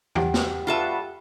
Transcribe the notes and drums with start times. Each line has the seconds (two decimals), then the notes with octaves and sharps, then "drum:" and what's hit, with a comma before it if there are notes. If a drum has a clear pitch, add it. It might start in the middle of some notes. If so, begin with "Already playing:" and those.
0.15 G4 F#5 G5, drum: tom E2
0.34 drum: snare
0.67 G3 F4 F#4 A4 B4 E5